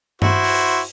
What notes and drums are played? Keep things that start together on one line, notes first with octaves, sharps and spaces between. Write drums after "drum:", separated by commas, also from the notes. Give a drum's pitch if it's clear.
E4 F#4 C5, drum: tom G2
drum: open hi-hat